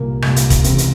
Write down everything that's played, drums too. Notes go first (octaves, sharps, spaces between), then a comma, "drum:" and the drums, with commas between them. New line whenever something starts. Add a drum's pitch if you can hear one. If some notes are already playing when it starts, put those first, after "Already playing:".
Already playing: C2 A#2 A#3
C2 A#2, drum: rim click
drum: hi-hat
drum: kick E1, hi-hat
C#2 C3 E3 C4, drum: hi-hat
drum: hi-hat